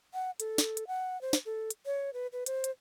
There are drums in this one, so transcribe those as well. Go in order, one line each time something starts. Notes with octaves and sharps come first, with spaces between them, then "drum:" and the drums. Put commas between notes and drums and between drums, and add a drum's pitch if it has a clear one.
F#5
A4, drum: hi-hat
drum: snare
drum: hi-hat
F#5
C5
drum: snare
A4
drum: hi-hat
C#5
B4
B4
C5, drum: hi-hat
drum: hi-hat